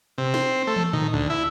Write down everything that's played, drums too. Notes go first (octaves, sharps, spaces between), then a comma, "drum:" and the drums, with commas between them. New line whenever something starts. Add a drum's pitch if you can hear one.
C3
C4, drum: snare
A3
drum: tom
D#3, drum: tom A2
D2
E4